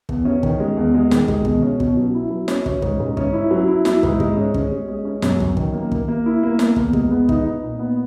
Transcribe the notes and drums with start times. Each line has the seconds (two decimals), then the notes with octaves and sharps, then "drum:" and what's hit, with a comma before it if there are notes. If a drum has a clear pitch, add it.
0.09 E2, drum: kick
0.25 C#4
0.43 D#3, drum: kick
0.60 G#3
0.77 E2
0.95 G#3
1.11 D#3, drum: snare
1.28 G#3, drum: kick
1.45 B2, drum: kick
1.63 C#4
1.80 B2, drum: kick
1.97 F#3
2.14 E4
2.30 F#3
2.48 C#4, drum: snare
2.66 C#4, drum: kick
2.82 G#2, drum: kick
3.00 G#2
3.17 C#4, drum: kick
3.33 E4
3.51 F#3
3.68 E4
3.85 E4, drum: snare
4.03 G#2, drum: kick
4.20 G#3, drum: kick
4.37 C#4
4.54 C#4, drum: kick
4.71 G#3
4.88 G#3
5.05 C#4
5.22 F#2, drum: snare
5.40 F#2, drum: kick
5.57 D#3, drum: kick
5.74 A#3
5.92 A#3, drum: kick
6.08 A#3
6.26 E4
6.43 A#3
6.59 A#3, drum: snare
6.76 E2, drum: kick
6.93 G#3, drum: kick
7.10 B3
7.29 D#4, drum: kick
7.46 D#4
7.63 A#2
7.79 B3